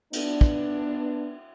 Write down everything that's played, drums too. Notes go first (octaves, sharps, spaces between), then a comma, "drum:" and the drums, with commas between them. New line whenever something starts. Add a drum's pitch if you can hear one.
B3 D4, drum: cymbal
drum: kick